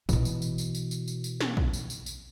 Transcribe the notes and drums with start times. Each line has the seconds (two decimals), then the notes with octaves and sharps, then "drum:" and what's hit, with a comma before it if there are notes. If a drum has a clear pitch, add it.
0.09 B2 E3, drum: kick A#1, tambourine
0.25 drum: tambourine
0.42 drum: tambourine
0.58 drum: tambourine
0.75 drum: tambourine
0.91 drum: tambourine
1.08 drum: tambourine
1.24 drum: tambourine
1.41 drum: snare
1.57 drum: kick A#1
1.73 drum: tambourine
1.90 drum: tambourine
2.06 drum: tambourine